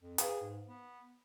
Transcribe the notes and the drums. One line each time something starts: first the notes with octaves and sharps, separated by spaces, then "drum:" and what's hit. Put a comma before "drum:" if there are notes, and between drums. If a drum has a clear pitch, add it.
F2
G#4 B4 F5 G5, drum: hi-hat
G#2
B3